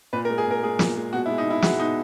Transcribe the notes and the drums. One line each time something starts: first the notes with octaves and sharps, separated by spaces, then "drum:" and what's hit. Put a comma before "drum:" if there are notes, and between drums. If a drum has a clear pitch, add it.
A#2 B4
A#4
G#3
G#4
A#2 A#4
G#3 G#4
A#2, drum: snare
G#3
B2 F#4
E4
G#3
D#4
B2 E4
G#3 F#4, drum: snare
B2 D#4